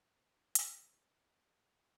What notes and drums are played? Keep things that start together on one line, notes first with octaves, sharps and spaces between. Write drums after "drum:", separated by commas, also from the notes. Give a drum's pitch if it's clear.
F#2 C#3 F#3 D#4
drum: hi-hat
F#4
A2 E3 G#3 F#4